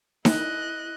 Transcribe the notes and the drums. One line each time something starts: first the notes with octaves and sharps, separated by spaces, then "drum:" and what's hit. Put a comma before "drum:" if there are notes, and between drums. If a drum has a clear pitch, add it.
E4 D#5 F#6, drum: snare D#4